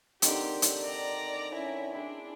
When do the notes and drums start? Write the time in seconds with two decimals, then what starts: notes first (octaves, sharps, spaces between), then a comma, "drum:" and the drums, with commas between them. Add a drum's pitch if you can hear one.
0.22 D3 D#3 C4 G4, drum: hi-hat
0.62 drum: hi-hat
0.82 D5 A#5
1.54 C#4 E4
1.94 D4 E4 G#4